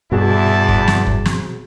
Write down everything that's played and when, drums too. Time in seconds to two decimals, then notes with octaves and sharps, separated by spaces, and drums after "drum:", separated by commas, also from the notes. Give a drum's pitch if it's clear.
0.12 E2 G2 B2 E4 F#4 G#4 D5 A5
0.69 drum: kick
0.88 drum: snare
1.07 drum: kick
1.25 drum: snare